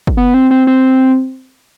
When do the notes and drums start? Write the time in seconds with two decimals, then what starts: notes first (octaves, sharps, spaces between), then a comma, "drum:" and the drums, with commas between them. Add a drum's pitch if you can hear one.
0.07 drum: kick
0.17 B3
0.34 C4
0.51 C4
0.67 C4